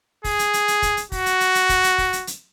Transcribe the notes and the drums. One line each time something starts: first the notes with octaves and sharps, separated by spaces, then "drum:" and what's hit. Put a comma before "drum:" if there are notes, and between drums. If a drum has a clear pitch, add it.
G#4, drum: kick, open hi-hat
drum: hi-hat
drum: hi-hat
drum: hi-hat
drum: kick, hi-hat
drum: hi-hat
F#4, drum: kick, open hi-hat
drum: hi-hat
drum: hi-hat
drum: hi-hat
drum: kick, hi-hat
drum: hi-hat
drum: kick, open hi-hat
drum: hi-hat
drum: hi-hat